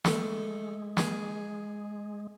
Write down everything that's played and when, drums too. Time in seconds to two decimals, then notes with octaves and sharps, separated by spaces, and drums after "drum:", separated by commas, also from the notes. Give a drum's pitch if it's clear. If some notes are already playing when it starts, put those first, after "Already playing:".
0.05 G#3 A3 A4, drum: snare
0.97 G#4, drum: snare